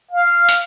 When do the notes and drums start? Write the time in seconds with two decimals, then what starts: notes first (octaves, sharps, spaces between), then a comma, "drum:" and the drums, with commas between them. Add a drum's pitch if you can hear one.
0.11 F5
0.49 drum: hi-hat